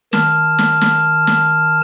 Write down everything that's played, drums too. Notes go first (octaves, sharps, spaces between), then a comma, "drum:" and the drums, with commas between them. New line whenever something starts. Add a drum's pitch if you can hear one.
D#3 A5 F6, drum: snare
drum: snare
drum: snare
drum: snare